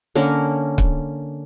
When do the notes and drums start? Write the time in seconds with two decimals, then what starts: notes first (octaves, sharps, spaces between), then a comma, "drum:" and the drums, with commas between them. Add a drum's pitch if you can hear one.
0.15 D3 A#3 C#4 A#4
0.78 drum: kick